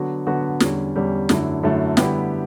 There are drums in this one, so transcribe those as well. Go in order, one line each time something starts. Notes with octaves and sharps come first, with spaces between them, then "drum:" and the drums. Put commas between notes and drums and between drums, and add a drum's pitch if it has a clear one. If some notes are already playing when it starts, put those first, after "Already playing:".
Already playing: D3 F#3 B3 F#4
D3 F#3 B3 F#4
E2 D3 G3 C#4, drum: snare
E2 D3 G3 C#4
F#2 D3 A3 E4, drum: snare
F#2 D3 A3 E4
D3 G3 B3 E4 G4, drum: snare